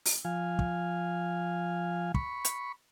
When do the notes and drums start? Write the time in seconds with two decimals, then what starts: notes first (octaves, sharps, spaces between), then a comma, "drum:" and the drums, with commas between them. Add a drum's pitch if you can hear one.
0.05 drum: open hi-hat
0.25 F3 F5 G#5
0.59 drum: kick
2.14 B5 C#6, drum: kick
2.45 drum: hi-hat